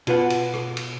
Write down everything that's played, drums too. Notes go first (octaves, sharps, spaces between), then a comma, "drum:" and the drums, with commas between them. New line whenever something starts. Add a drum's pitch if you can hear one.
B2 F4 B4 F#5, drum: cymbal
drum: cymbal
drum: rim click
drum: cymbal